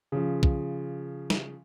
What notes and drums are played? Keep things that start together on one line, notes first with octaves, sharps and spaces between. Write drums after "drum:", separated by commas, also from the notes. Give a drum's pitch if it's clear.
C#3 F3
drum: kick
drum: snare